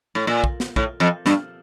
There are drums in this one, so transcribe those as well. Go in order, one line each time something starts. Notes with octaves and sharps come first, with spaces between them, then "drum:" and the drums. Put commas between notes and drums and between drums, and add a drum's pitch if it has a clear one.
A2
A#2
drum: kick
drum: snare
A2, drum: kick
F2
G2, drum: snare